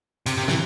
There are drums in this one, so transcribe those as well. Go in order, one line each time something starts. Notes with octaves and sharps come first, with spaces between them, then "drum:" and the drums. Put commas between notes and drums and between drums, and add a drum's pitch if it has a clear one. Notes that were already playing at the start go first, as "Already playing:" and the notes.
C3, drum: hi-hat
C3
E3, drum: snare